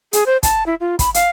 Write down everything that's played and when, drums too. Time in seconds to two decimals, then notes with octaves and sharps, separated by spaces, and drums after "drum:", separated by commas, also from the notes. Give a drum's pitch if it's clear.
0.13 G#4, drum: hi-hat
0.26 C5
0.43 A5, drum: kick, hi-hat
0.66 E4
0.80 F4
0.99 B5, drum: kick, hi-hat
1.14 F5, drum: hi-hat